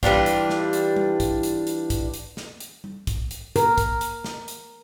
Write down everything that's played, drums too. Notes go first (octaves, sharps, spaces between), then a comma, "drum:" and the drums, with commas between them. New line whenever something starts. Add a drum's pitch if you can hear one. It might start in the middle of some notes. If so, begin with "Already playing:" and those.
E3 G3 D4 F4, drum: kick, hi-hat
drum: hi-hat
drum: snare
drum: hi-hat
drum: tom G3
drum: kick, hi-hat
drum: hi-hat
drum: hi-hat
drum: kick, hi-hat
drum: hi-hat
drum: snare
drum: hi-hat
drum: tom G3
drum: kick, hi-hat
drum: hi-hat
A#4, drum: hi-hat
drum: kick, hi-hat
drum: hi-hat
drum: snare
drum: hi-hat